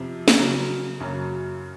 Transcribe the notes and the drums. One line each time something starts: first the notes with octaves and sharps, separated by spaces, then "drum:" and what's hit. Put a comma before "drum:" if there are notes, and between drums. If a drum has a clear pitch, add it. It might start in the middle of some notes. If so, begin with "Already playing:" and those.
Already playing: F2 C3 F3
drum: snare
C#3 F#3 A#3
F#2 C#3 F#3 A#3